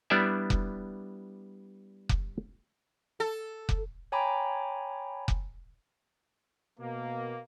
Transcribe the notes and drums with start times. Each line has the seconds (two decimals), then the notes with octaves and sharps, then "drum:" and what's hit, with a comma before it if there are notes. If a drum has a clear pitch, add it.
0.10 G3 B3 D4 E4 D5 E5
0.50 drum: kick F1
2.09 drum: kick F1
3.20 A4
3.69 drum: kick F1
4.12 C#5 G5 G#5 A#5 B5 D6
5.28 drum: kick F1
6.80 B2 A#3